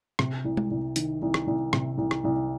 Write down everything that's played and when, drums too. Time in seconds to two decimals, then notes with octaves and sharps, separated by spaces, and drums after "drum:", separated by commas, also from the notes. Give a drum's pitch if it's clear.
0.19 C3, drum: rim click
0.44 C2
0.57 drum: tom G#3
0.71 C2
0.96 D#3, drum: hi-hat
1.22 C2
1.34 drum: rim click
1.47 C2
1.73 C3, drum: rim click
1.98 C2
2.11 drum: rim click
2.24 C2